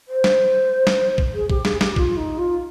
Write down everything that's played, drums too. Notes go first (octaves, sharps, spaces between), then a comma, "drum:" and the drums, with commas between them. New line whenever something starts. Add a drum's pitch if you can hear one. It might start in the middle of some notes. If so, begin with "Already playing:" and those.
C5
drum: snare
drum: snare
drum: kick A#1
G#4
G4, drum: kick A#1
G#4, drum: snare
G4, drum: snare
F4, drum: kick A#1
D#4
F4